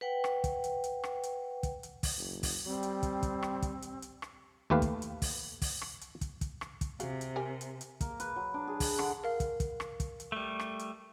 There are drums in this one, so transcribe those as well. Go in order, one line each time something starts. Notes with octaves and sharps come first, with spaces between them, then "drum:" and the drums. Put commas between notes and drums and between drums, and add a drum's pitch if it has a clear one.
B4 F#5 G5
drum: rim click
drum: kick, hi-hat
drum: hi-hat
drum: hi-hat
drum: rim click
drum: hi-hat
drum: kick, hi-hat
drum: hi-hat
drum: kick, open hi-hat
F#1
drum: kick, open hi-hat
G3 C4
drum: hi-hat
drum: kick, hi-hat
drum: kick, hi-hat
drum: rim click
drum: kick, hi-hat
drum: hi-hat
drum: hi-hat
drum: rim click
D#2 A3 G4 B4 F5
drum: kick, hi-hat
drum: hi-hat
drum: kick, open hi-hat
drum: kick, open hi-hat
drum: rim click
drum: hi-hat
drum: kick, hi-hat
drum: kick, hi-hat
drum: rim click
drum: kick, hi-hat
C3 F#4 G#4 F5, drum: hi-hat
drum: hi-hat
G4 A#4 G#5
drum: hi-hat
drum: hi-hat
A#3, drum: kick, hi-hat
B4, drum: hi-hat
F#3
D4
G#4
drum: kick, open hi-hat
D3, drum: rim click
A#4 F5
drum: kick, hi-hat
drum: kick, hi-hat
drum: rim click
drum: kick, hi-hat
drum: hi-hat
G3 A3
drum: rim click
drum: hi-hat